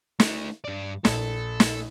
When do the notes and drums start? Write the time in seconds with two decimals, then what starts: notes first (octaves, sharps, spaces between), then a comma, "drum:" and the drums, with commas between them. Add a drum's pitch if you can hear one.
0.20 A3 D4, drum: snare
0.64 G2 D5
1.05 A#1 A4, drum: snare
1.60 drum: snare